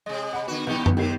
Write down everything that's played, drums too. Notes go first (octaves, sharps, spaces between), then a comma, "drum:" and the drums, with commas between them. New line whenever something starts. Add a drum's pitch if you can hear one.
C3 G#3 D#5
F#5 B5
D3 B3 F#4
C#2 G2 E3 D#4 G4
drum: tom F#2
G#2 C3 D#3 G4 C7